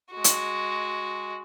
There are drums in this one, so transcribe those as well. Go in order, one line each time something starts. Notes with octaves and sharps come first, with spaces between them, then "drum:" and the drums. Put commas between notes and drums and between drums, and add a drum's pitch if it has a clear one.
G#3 F#4
drum: hi-hat